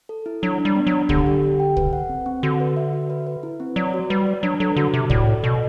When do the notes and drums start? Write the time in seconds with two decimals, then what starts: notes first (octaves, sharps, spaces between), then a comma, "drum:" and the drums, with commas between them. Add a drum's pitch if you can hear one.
0.09 A4
0.26 E4
0.42 F#3 D4
0.60 D4
0.65 G3
0.76 B3
0.87 F#3
0.92 D4
1.09 D3 G4, drum: kick
1.27 G4
1.43 G4
1.60 G5
1.77 B4, drum: kick
1.93 F#5
2.09 C4
2.26 C4
2.43 D3 F#4
2.60 B4
2.77 E5
2.93 F#4
3.10 B4
3.27 B4
3.43 E4
3.60 C4
3.76 F#3 D5
3.94 F#4
4.10 G3 B4
4.26 B4
4.43 F#3 D4
4.60 F#3 A4
4.76 D3 F#4
4.93 C3 F#4
5.10 A2 D5, drum: kick
5.27 A4
5.43 B2 A4